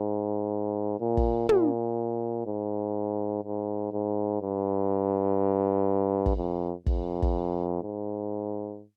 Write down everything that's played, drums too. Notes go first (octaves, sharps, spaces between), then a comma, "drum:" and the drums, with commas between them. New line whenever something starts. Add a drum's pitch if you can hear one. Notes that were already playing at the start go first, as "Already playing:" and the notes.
Already playing: G#2
A#2
drum: kick
A#2, drum: tom
G#2
G#2
G#2
G2
drum: kick
F2
F2, drum: kick
drum: kick
G#2